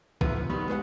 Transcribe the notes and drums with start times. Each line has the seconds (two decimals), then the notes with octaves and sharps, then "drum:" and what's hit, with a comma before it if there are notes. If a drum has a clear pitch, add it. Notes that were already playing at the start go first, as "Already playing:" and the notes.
0.21 B1 D3 E3 F3 B3 B4, drum: kick
0.36 A#2
0.50 D#3 F#3 G3 B3 B4
0.68 G#3 B4 C5 F#5